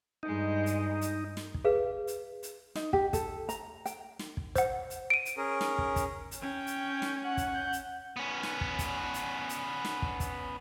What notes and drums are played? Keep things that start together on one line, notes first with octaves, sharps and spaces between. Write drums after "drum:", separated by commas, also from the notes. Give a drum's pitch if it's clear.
G2 G#3 D#4
drum: hi-hat
drum: hi-hat
drum: snare
drum: kick
G#4 B4 F5
drum: hi-hat
drum: hi-hat
D#4, drum: snare
G4, drum: kick
A4, drum: kick, hi-hat
A#5, drum: hi-hat
G5, drum: hi-hat
drum: snare
drum: kick
C5 F#5, drum: kick, hi-hat
drum: hi-hat
D7 D#7
drum: hi-hat
C#4 G#4 A#4
drum: snare
drum: kick
drum: kick, hi-hat
drum: hi-hat
C#4 G5
drum: hi-hat
drum: snare
F#5
drum: kick, hi-hat
G6
drum: hi-hat
B3 C#4
drum: snare
drum: kick
drum: kick, hi-hat
drum: hi-hat
drum: hi-hat
drum: snare
drum: kick
drum: kick, hi-hat